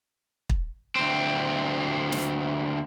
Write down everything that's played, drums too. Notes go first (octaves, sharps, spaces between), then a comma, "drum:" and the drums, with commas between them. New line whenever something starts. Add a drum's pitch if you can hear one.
drum: kick
D2 C4
drum: snare